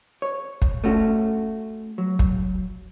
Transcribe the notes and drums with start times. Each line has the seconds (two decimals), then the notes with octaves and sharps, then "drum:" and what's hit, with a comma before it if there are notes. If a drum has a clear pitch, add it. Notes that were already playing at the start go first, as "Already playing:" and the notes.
0.22 C#5
0.62 drum: kick
0.84 A3 C#4 F#4
1.98 F#3
2.19 drum: kick